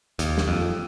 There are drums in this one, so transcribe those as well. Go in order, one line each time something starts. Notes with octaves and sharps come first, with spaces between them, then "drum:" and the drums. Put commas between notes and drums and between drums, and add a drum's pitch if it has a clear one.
D#2, drum: hi-hat
drum: snare
F2